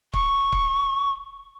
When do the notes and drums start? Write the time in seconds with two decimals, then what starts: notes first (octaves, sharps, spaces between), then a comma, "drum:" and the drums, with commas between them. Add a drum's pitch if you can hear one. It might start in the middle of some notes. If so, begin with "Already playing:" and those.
0.13 C#6, drum: kick C#1
0.52 drum: kick C#1